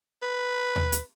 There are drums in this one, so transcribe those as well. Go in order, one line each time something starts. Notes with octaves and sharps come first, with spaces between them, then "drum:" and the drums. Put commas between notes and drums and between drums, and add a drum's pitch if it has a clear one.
B4
drum: tom D#2
drum: hi-hat